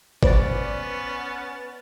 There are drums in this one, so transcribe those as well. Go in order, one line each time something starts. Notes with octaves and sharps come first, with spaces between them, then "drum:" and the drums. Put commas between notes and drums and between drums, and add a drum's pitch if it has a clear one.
B3 C#4 B4 C5 D5 A6, drum: kick